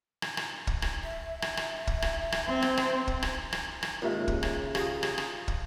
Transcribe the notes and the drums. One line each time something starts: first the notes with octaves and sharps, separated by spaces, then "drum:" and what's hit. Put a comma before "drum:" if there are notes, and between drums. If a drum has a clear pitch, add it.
drum: rim click
drum: rim click
drum: kick
drum: rim click
E5
drum: rim click
drum: rim click
drum: kick
drum: rim click
drum: rim click
C4
drum: rim click
drum: rim click
drum: kick
drum: rim click
drum: rim click
drum: rim click
D#2 G#2 C#3 F4 G4 E5
drum: kick
drum: rim click
F4 G4 A#5 D#6, drum: rim click
drum: rim click
drum: rim click
drum: kick